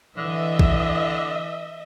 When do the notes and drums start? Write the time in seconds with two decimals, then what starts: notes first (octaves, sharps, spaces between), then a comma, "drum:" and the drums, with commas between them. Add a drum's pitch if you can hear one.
0.17 D3 E3 D#5 E5
0.59 drum: kick